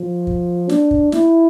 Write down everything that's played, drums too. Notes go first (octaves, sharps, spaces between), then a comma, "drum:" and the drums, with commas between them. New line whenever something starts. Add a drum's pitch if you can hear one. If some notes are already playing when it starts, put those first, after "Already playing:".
Already playing: F3
drum: kick
D4, drum: snare
drum: kick
E4, drum: snare